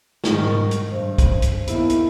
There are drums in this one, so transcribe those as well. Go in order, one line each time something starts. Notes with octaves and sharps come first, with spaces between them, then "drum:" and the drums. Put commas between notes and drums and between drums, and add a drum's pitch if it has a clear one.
G#2 D#3 C#6, drum: snare
drum: tom B2
drum: hi-hat
G2 C5
drum: kick, hi-hat
drum: hi-hat
D#2 B3 E4 E5, drum: hi-hat
drum: hi-hat